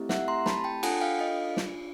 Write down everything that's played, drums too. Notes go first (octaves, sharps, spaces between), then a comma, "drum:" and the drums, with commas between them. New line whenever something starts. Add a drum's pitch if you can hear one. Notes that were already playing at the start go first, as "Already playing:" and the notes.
Already playing: A3 C4 E4 G4
E5 F#5, drum: snare
A#5 C6
A5 B5, drum: snare
G5 A5
D4 F4 A4 F#5 G#5, drum: cymbal
F5 G5
D#5 F5
drum: snare